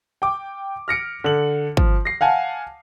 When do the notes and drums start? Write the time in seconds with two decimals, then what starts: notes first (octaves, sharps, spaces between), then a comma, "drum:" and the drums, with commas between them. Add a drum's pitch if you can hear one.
0.22 G5 D6
0.88 F6 A#6 C#7 D7
1.24 D3 F#7
1.77 F3, drum: kick
2.05 A#6 C7
2.21 F5 F#5 G#5 A5